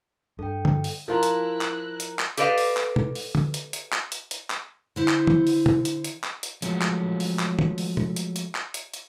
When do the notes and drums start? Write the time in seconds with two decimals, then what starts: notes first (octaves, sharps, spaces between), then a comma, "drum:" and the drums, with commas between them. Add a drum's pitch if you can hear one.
0.39 G2 A4 G5
0.65 drum: tom D3
0.84 drum: open hi-hat
1.08 F3 E4 F4 A#4 A#5 F#6
1.23 drum: hi-hat
1.61 drum: clap
2.00 drum: hi-hat
2.19 drum: clap
2.37 G4 A4 B4 D5 D#5 F5, drum: hi-hat
2.58 drum: open hi-hat
2.77 drum: clap
2.96 drum: tom C3
3.15 drum: open hi-hat
3.35 drum: tom D3
3.54 drum: hi-hat
3.73 drum: hi-hat
3.93 drum: clap
4.12 drum: hi-hat
4.31 drum: hi-hat
4.50 drum: clap
4.96 D3 E4 C5
5.08 drum: clap
5.27 drum: tom D#3
5.47 drum: open hi-hat
5.66 drum: tom C3
5.85 drum: hi-hat
6.04 drum: hi-hat
6.24 drum: clap
6.43 drum: hi-hat
6.62 F3 F#3 G#3 A3 C#4, drum: hi-hat
6.82 drum: clap
7.20 drum: open hi-hat
7.39 drum: clap
7.59 drum: tom D#3
7.78 drum: open hi-hat
7.97 drum: tom C3
8.16 drum: hi-hat
8.36 drum: hi-hat
8.55 drum: clap
8.74 drum: hi-hat
8.94 drum: hi-hat